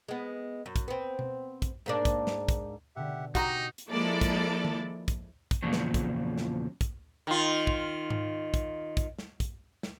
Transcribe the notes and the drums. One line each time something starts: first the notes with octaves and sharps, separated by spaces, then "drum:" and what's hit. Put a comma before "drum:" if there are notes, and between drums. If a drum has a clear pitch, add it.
G#3 B3
F#2
drum: kick, hi-hat
B3 C4
drum: tom B2
drum: kick, hi-hat
G#2 A#3 D4
drum: kick, hi-hat
drum: snare
drum: kick, hi-hat
B2 D3 G4 E5 F#5
D#4 F#4 G4 D#5 A#5, drum: kick, hi-hat
drum: hi-hat
F3 G#3 A#3 E4 A4 D5
drum: kick, hi-hat
drum: tom D#3
drum: kick, hi-hat
drum: kick, hi-hat
E2 A#2 C#3 F3 F#3
drum: snare
drum: kick, hi-hat
drum: snare
drum: kick, hi-hat
D#3 F4
drum: kick
drum: tom G#2
drum: kick, hi-hat
drum: kick, hi-hat
drum: snare
drum: kick, hi-hat
drum: snare